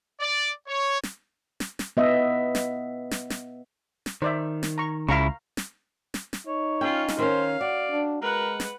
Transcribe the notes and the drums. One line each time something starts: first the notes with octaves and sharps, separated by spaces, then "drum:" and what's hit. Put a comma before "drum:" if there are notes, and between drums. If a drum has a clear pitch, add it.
D5
C#5
drum: snare
drum: snare
drum: snare
B3 D#5 E5
drum: snare
drum: snare
drum: snare
drum: snare
D#3 C5 D5 E5
drum: snare
A#5 C#6
C#2 C#3 E4 F5 A#5 C#6
drum: snare
drum: snare
drum: snare
D#4 C#5
C#4 F4 G5
drum: snare
D#3 C#4 C5 F5
F#4 D5
D4
G#3 A#4 B4 F#5
drum: snare